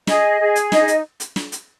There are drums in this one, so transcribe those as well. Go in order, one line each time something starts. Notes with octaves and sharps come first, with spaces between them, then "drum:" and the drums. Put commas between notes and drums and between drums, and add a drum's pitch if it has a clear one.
G#4 D#5, drum: snare
G#4
drum: hi-hat
D#4 D#5, drum: snare
drum: hi-hat
drum: hi-hat
drum: snare
drum: hi-hat